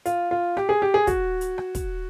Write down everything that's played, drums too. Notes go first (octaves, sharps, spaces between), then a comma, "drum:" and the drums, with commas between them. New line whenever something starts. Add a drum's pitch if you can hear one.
F4, drum: hi-hat
F4
G4, drum: rim click
G#4
G4
G#4
F#4, drum: kick, hi-hat
drum: hi-hat
drum: rim click
drum: kick, hi-hat